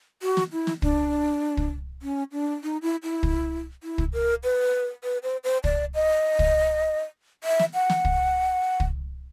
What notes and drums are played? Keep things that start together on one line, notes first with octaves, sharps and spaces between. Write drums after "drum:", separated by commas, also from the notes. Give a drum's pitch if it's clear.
F#4
drum: snare
E4
drum: snare
D4, drum: kick
drum: kick
C#4
D4
D#4
E4
E4
drum: kick
E4
drum: kick
A#4
B4
B4
C5
C5
D5, drum: kick
D#5
drum: kick
E5
drum: snare
F#5
drum: snare
drum: kick
drum: kick